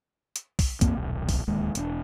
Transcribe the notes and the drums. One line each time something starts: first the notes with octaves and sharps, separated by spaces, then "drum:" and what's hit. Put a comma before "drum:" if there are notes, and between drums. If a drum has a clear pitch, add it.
drum: hi-hat
drum: kick, open hi-hat
A1 F#2 A#3 C4, drum: kick, hi-hat
D#1 B1
drum: kick, open hi-hat
D1 D#2 G#3
E1 C4 D4, drum: hi-hat